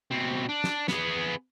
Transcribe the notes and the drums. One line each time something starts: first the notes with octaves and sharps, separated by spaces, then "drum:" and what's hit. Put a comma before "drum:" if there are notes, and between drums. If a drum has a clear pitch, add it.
B2 C4
D4
drum: snare
B3 G#4, drum: snare